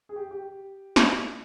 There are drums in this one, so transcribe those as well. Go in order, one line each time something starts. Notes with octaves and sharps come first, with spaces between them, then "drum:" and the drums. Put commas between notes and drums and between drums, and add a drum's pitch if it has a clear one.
G#4
G4
G4
drum: snare